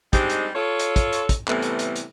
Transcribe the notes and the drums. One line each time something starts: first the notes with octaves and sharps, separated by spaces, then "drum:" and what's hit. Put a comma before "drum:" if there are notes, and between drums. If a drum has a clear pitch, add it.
G3 G#3 C4 D4 D#4 G4, drum: kick, hi-hat
drum: hi-hat
F4 A4 C#5
drum: hi-hat
drum: kick, hi-hat
drum: hi-hat
drum: kick, hi-hat
A2 C3 E3 G3 A3 B3, drum: clap
drum: hi-hat
drum: hi-hat
drum: hi-hat